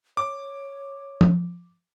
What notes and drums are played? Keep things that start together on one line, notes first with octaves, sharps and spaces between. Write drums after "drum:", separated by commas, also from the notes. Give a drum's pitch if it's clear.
C#5 D6
drum: tom F3